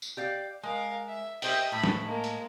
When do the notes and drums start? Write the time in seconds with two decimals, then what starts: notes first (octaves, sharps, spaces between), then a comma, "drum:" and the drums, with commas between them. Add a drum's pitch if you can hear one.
0.02 drum: tambourine
0.17 G4 D5 F5
0.63 G#3 A#4 F5
1.08 E5
1.42 G4 C5 D#5 E5 G5, drum: open hi-hat
1.72 A2 B5
1.84 drum: snare
2.04 G#3 A#3
2.24 drum: hi-hat